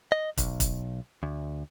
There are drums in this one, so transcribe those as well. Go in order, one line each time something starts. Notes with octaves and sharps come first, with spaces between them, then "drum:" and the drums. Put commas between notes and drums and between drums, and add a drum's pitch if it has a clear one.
D#5
B1, drum: kick, hi-hat
drum: kick, hi-hat
D2